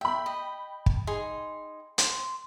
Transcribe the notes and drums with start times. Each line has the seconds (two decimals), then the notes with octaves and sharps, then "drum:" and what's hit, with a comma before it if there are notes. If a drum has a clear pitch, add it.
0.01 E5 G5 B5
0.26 D#5
0.86 drum: kick
1.07 D#4 G#4 C6
1.98 C6, drum: hi-hat